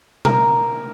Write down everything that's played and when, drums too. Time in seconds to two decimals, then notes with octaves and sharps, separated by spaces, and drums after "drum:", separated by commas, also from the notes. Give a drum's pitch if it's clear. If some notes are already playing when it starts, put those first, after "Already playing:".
0.25 A#4, drum: tom B2